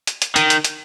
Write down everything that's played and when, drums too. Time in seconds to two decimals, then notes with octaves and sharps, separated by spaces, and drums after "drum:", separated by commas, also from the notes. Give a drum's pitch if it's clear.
0.07 drum: hi-hat
0.22 drum: hi-hat
0.36 D#3, drum: hi-hat
0.50 drum: hi-hat
0.64 drum: hi-hat